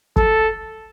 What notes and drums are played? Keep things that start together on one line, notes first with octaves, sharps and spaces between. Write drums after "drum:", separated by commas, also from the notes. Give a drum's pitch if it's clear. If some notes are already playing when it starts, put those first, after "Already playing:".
A4, drum: kick